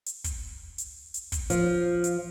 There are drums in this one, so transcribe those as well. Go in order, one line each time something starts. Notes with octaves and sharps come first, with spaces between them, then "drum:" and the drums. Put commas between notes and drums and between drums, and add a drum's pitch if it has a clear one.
drum: hi-hat
drum: kick, hi-hat
drum: hi-hat
drum: hi-hat
drum: kick, hi-hat
F3, drum: hi-hat
drum: hi-hat